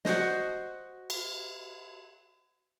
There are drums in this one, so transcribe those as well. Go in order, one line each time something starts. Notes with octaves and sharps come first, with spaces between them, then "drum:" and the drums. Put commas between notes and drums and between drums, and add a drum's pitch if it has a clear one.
F#4 C5 D#5, drum: snare
drum: cymbal